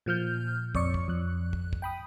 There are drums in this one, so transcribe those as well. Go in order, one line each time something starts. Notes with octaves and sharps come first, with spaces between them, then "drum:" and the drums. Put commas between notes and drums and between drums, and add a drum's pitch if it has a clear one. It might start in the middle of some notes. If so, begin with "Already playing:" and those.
A#2 F3 F6 G6
F2 C#5 D5 C#6 C#7, drum: kick
drum: kick
F2 F#6
drum: kick
drum: kick
G5 B5 D#6